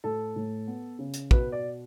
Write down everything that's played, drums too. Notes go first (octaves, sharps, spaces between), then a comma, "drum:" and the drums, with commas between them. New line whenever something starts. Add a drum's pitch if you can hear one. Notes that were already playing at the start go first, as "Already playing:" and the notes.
A2 A4
A2
B3
C#3
drum: hi-hat
B2 B4, drum: kick
D5